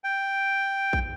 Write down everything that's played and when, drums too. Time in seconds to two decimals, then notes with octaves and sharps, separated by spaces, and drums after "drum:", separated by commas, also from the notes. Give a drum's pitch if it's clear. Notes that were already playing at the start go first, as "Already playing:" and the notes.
0.04 G5
0.93 drum: kick A#1